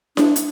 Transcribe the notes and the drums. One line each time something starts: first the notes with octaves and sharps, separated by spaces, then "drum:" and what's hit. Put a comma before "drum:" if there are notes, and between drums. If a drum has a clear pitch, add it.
D4, drum: snare E4
drum: hi-hat